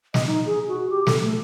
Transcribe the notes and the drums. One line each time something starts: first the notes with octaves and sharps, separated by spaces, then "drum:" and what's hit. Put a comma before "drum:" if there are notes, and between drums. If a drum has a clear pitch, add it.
D#5, drum: snare
D#4
G#4
F#4
G4
A4, drum: snare
A3